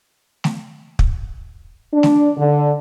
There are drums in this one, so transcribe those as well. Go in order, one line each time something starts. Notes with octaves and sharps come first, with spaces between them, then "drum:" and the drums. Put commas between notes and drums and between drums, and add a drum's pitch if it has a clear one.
drum: snare A3
drum: kick
D4
drum: snare A3
D3